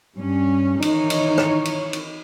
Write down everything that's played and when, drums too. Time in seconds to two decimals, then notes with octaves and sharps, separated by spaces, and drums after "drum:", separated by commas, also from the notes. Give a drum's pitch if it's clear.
0.17 G2 C#4
0.82 D#3 E3 D#4 C#5, drum: cymbal
1.10 drum: cymbal
1.38 drum: rim click
1.65 drum: cymbal
1.93 drum: cymbal